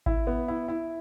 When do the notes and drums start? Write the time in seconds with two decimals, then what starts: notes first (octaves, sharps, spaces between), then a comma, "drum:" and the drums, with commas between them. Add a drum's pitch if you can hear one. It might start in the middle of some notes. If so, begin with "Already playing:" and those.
0.06 E4, drum: kick G#1
0.27 B3
0.48 E4
0.68 E4